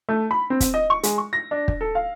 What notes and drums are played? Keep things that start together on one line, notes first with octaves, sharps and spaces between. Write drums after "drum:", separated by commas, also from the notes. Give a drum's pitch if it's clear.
A3
B5
C4
drum: kick, hi-hat
D#5
C#6
G#3, drum: hi-hat
C#6
A#6
D4
drum: kick
A4
F5